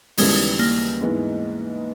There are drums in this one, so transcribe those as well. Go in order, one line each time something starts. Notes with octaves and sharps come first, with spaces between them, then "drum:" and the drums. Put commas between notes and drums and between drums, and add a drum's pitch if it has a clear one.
D#2 C#3 E3 G3 G#3 B3, drum: open hi-hat
A#3
G#2 E3 G#3 B3